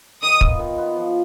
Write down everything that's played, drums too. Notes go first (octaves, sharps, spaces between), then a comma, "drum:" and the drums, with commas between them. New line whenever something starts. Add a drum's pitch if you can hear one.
D#3 D#6
B3 F4, drum: kick
D#3
B3 F4
F3